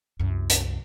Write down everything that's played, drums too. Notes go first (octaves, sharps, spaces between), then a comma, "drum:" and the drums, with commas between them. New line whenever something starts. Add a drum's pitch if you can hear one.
C2 F#2
drum: hi-hat